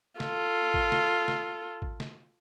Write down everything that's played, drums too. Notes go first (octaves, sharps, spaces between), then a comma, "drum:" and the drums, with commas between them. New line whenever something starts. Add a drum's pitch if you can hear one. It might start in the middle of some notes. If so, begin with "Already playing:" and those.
F4 A4, drum: snare
drum: kick A1
drum: snare
drum: snare
drum: kick A1
drum: snare